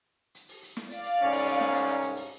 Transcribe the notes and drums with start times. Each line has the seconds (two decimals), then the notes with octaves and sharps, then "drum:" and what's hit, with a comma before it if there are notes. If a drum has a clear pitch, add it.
0.35 drum: hi-hat
0.49 drum: open hi-hat
0.63 drum: hi-hat
0.77 drum: snare
0.91 D5 F5, drum: hi-hat
1.05 drum: hi-hat
1.22 C2 G#2 C#4
1.32 drum: open hi-hat
1.46 drum: hi-hat
1.60 drum: snare
1.74 drum: hi-hat
1.88 drum: hi-hat
2.02 drum: hi-hat
2.16 drum: open hi-hat